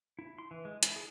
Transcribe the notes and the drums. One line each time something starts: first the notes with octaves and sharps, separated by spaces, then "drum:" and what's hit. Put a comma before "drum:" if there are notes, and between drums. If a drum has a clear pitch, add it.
E4
C6
E3
G#3
E4, drum: hi-hat
G#4